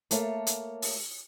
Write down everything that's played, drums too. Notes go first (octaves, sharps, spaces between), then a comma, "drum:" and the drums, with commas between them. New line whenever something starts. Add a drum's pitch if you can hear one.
A3 A#3 A4 C#5, drum: hi-hat
drum: hi-hat
drum: open hi-hat